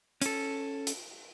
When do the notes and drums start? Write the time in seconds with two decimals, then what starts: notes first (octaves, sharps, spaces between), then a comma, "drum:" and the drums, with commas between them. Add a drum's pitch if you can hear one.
0.22 C#4 A4, drum: hi-hat
0.87 drum: hi-hat